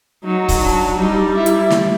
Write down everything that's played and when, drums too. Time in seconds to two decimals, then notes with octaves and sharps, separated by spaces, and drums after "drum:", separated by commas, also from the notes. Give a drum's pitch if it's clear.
0.24 F#3 D#4
0.49 drum: kick C#1, open hi-hat
0.61 D4
0.97 G3 D#4
1.34 E4
1.46 drum: hi-hat
1.70 drum: snare